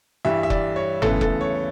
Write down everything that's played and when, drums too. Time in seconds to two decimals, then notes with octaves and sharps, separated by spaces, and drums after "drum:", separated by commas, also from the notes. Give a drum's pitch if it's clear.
0.25 G2 E3 G3 E5
0.43 E5
0.50 D5, drum: kick F1
0.76 C#5
1.02 D2 C#3 E3 B3 A4, drum: tom F#1
1.21 A4, drum: kick F1
1.41 C#5